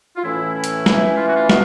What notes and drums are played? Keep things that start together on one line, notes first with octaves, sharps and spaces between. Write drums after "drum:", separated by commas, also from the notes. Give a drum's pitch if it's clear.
F4
A2 E3 A3 C#4 E4
E4
drum: hi-hat
E3 A3 C#4, drum: snare
F4
F#4
F4
B2 B3, drum: snare